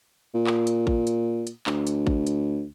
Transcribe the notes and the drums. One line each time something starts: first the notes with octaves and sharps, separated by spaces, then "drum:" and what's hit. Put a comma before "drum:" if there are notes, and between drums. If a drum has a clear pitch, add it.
A#2
drum: clap
drum: hi-hat
drum: kick
drum: hi-hat
drum: hi-hat
D2, drum: clap
drum: hi-hat
drum: kick
drum: hi-hat